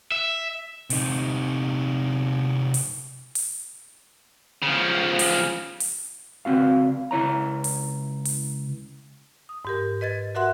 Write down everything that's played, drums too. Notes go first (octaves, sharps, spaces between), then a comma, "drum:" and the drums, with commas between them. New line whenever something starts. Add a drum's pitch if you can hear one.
E5
C3 D#4, drum: open hi-hat
drum: open hi-hat
drum: open hi-hat
C#3 F3
drum: open hi-hat
drum: open hi-hat
C#2 C4 F#4 F5
C#2 E4 C#5 A#5
drum: open hi-hat
drum: open hi-hat
D#6
G#2 G4 A#4
B4 D#5 G#6 A6
F#4 A#4 E5 F#5 C6 F#6